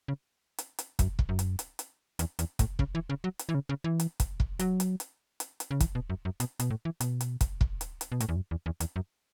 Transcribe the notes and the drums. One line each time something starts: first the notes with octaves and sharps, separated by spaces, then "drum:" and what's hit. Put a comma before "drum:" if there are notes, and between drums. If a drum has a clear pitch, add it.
C#3
drum: hi-hat
drum: hi-hat
F#2, drum: kick, hi-hat
drum: kick
F#2
drum: hi-hat
drum: hi-hat
drum: hi-hat
E2, drum: hi-hat
E2, drum: hi-hat
A2, drum: kick, hi-hat
C#3, drum: kick
E3
C#3
F#3
drum: hi-hat
E3
C#3
C#3
E3
drum: hi-hat
drum: kick, hi-hat
drum: kick
F#3, drum: hi-hat
drum: hi-hat
drum: hi-hat
drum: hi-hat
drum: hi-hat
C#3
E3, drum: kick, hi-hat
B2
F#2
F#2
B2, drum: hi-hat
B2, drum: hi-hat
A2
E3
B2, drum: hi-hat
drum: hi-hat
drum: kick, hi-hat
drum: kick
drum: hi-hat
drum: hi-hat
B2
A2, drum: hi-hat
E2
F#2
E2
E2
E2, drum: hi-hat
F#2